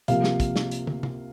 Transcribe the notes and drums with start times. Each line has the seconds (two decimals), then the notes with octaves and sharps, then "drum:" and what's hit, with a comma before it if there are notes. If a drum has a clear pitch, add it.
0.08 C3 F3 A#3 F5, drum: hi-hat
0.24 drum: snare
0.40 drum: kick, hi-hat
0.56 drum: snare
0.71 drum: hi-hat
0.87 drum: tom
1.03 drum: tom